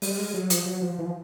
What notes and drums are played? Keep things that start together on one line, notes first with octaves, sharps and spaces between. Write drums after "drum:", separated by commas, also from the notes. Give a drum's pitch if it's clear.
G3, drum: open hi-hat
G#3
F#3
F3, drum: hi-hat
F#3
F3
E3
F3